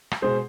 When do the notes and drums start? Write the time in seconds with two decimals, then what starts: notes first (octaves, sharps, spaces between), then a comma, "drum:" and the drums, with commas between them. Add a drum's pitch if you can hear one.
0.11 drum: rim click
0.22 B2 G#3 G#4 C5